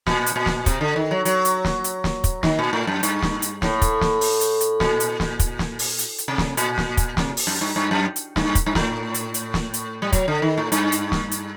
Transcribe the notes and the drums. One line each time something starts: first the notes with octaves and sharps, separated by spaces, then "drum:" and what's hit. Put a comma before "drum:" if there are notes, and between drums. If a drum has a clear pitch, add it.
A#2, drum: snare
drum: hi-hat
A#2
drum: snare
C3, drum: kick, hi-hat
D3
D#3
F#3
F#3, drum: hi-hat
drum: hi-hat
drum: snare
drum: hi-hat
drum: snare
drum: kick, hi-hat
D#3, drum: snare
A#2
A2
F#2
G2, drum: hi-hat
drum: snare
drum: hi-hat
A2, drum: snare
drum: kick, hi-hat
drum: snare
drum: open hi-hat
drum: hi-hat
drum: hi-hat
A#2, drum: snare
drum: hi-hat
drum: snare
drum: kick, hi-hat
drum: snare
drum: open hi-hat
drum: hi-hat
drum: hi-hat
C3
drum: snare
A#2, drum: hi-hat
drum: snare
drum: kick, hi-hat
C3, drum: snare
drum: open hi-hat
F#2
G2
G2
F#2
drum: hi-hat
G2, drum: snare
drum: kick, hi-hat
G2
A2, drum: snare
drum: hi-hat
drum: hi-hat
drum: snare
drum: hi-hat
G3
F#3, drum: kick, hi-hat
D3
D#3
A2
G2, drum: hi-hat
drum: hi-hat
drum: snare
drum: hi-hat